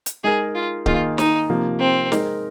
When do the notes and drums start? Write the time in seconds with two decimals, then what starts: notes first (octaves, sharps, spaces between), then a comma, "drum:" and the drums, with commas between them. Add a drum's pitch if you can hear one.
0.06 drum: hi-hat
0.24 G#3 D#4 G#4 A#4
0.55 F4
0.86 D#3 A#3 F4 G#4, drum: kick C#1
1.18 D#4, drum: snare
1.50 C3 F3 A#3
1.80 C4
2.12 G#3 D#4 A#4, drum: snare